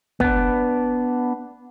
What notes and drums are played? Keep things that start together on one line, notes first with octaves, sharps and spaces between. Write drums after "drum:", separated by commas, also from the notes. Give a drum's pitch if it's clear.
B3 D4, drum: kick